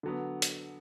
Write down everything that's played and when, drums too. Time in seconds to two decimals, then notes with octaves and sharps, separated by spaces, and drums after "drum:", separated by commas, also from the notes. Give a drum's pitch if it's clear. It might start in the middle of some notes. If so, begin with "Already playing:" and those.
0.03 D3 F#3 B3
0.42 drum: hi-hat